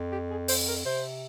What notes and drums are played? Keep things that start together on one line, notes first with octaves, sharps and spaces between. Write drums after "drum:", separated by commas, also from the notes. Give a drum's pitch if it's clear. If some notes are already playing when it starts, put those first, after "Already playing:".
Already playing: F2
G4
G#4
C5, drum: open hi-hat
A#4
C3 C5